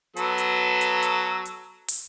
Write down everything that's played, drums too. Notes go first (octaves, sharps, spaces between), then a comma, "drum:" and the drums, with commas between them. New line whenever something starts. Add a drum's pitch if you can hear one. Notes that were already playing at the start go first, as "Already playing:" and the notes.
F#3 B3 A4, drum: hi-hat
drum: hi-hat
drum: hi-hat
drum: hi-hat
drum: hi-hat
drum: open hi-hat